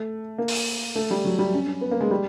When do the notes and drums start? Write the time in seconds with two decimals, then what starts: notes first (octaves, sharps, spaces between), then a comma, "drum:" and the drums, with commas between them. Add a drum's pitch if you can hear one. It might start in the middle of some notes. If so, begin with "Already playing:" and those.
Already playing: A3
0.38 A#3
0.48 drum: open hi-hat
0.96 A3
1.11 G3
1.25 F#3
1.39 G3
1.54 C#4
1.67 C#4
1.81 B3
1.91 A#3
2.00 G#3
2.11 G3